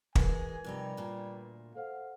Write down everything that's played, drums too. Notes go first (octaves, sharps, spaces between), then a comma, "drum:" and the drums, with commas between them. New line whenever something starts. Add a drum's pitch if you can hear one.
E3 G#3 G#4 A#4 B4 G#5, drum: kick
F2 C3 G3 D#4
D2 A#2
A4 C5 F5 F#5